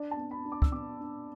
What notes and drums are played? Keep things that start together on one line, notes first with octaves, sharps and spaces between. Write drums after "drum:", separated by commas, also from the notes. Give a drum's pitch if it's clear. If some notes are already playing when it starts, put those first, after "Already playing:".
Already playing: D4 D5
A5
B3
B5
D4
D6
E6, drum: kick
B3 D6
D4